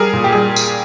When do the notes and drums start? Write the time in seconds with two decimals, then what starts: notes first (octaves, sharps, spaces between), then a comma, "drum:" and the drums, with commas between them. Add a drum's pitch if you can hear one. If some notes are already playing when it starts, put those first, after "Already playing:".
Already playing: G3 G#4 A#4
0.13 A#2
0.24 G4
0.32 G3 G#4
0.56 drum: tambourine